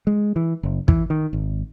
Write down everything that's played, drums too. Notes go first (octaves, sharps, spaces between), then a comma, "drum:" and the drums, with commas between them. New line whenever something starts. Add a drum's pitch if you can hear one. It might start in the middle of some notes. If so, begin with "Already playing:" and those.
G#3
E3
F#1
E3, drum: kick
D#3
G#1